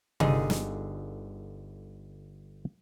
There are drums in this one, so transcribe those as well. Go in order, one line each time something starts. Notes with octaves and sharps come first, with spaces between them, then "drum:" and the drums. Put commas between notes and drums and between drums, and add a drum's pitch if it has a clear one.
G1 D3 D#4 F4 G#4 D#5, drum: tom C3
drum: snare